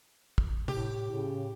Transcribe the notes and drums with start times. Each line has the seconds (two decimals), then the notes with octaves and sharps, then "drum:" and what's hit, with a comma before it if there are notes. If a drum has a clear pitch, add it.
0.38 drum: kick
0.68 A2 G4, drum: tom C3
1.11 A2 C#3